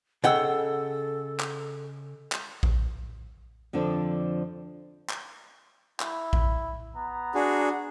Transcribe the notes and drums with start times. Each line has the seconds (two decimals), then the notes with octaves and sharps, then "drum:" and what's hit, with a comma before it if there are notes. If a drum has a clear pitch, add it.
0.24 C#3 A4 D#5 F#5 G5 E6
1.40 drum: clap
2.32 drum: clap
2.63 drum: kick A#1
3.73 F2 D3 F3 D4
5.10 drum: clap
6.00 E4, drum: clap
6.33 drum: kick A#1
6.95 B3 A#5
7.35 D4 F#4 G#4